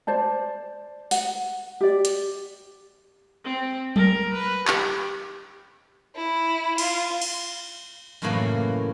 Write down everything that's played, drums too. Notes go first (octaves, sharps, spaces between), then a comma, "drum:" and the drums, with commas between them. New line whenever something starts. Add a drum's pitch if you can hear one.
C5 D5 A5
F#5, drum: open hi-hat
G4 D5
drum: hi-hat
C4
A#4, drum: tom F#3
B4
G4, drum: clap
E4
F4, drum: cymbal
drum: cymbal
F#2 A2 C#3 E3 A#3 F#4